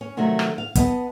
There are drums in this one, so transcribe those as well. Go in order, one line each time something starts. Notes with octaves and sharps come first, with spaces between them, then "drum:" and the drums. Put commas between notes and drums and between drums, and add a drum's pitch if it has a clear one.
C#4
C3 D#3 F#3 G3 A3
drum: rim click
F5
B3 D#5 A5, drum: kick, hi-hat